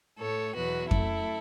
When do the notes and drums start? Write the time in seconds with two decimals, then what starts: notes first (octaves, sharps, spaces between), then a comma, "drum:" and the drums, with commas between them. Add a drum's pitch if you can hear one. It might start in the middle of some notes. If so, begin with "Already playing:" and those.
0.19 A2 A3 A4 C#5
0.55 E2 B2 F#3 F#4 B4
0.91 F#2 F#3 A3 E4 A4, drum: kick F2